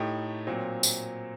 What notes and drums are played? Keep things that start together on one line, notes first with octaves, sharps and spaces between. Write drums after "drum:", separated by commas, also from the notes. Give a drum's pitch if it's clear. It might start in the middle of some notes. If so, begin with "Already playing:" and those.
Already playing: A2 A3 D#4 G4
A#2 F#3 C4
drum: tambourine